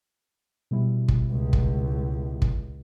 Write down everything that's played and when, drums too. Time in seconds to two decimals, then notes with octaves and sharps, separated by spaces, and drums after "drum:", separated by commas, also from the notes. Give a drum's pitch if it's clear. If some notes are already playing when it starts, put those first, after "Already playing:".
0.71 B2 G3 E4
1.08 drum: kick
1.31 C#2
1.53 drum: kick
2.42 drum: kick